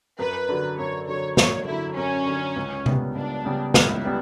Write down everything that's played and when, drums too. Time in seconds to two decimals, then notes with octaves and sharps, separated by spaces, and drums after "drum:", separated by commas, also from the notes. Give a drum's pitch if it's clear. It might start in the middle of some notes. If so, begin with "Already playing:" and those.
0.19 F#2 B4
0.48 D3 F#3
0.78 F#2 C#5
1.08 D3 F#3 C#5
1.37 F#2 C#5, drum: snare
1.67 D3 F#3 E4
1.97 F#2 C#4
2.26 D3 F#3
2.56 C#2
2.86 C#3 G3 B3, drum: tom C3
3.15 C#2 D4
3.45 C#3 G3 B3
3.74 C#2 E4, drum: snare
4.05 G3 B3